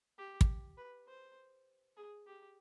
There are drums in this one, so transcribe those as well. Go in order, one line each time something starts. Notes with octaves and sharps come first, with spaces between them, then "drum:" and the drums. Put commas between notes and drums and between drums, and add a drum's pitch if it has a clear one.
G4
drum: kick
B4
C5
G#4
G4